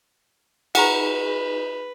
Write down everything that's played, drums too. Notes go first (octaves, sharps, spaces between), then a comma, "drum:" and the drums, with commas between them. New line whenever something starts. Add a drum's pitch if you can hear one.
D#4 G#4 B4 F#5 A#5 B5, drum: cymbal